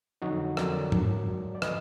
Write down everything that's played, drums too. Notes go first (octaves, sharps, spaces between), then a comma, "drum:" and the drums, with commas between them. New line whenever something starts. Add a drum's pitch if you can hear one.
F2 D3 F#3 D#4 F#4
F2 D3 F#3 A#4 D5, drum: rim click
G#2 F#3, drum: tom
G#2 F#3
D5
D3 F3 B4 D#5, drum: rim click